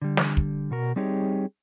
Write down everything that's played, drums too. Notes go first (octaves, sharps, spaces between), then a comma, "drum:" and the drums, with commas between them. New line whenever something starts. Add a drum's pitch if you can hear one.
D3 G3
drum: snare
drum: kick
B2 F#4 A#4
G3 C4 D#4 G4 G#4 C#5